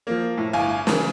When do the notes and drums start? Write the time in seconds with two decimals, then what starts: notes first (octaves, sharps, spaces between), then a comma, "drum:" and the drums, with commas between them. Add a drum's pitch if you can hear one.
0.07 F3 A#3
0.37 A2
0.53 G1 F5 G#5
0.87 C#3 E3, drum: snare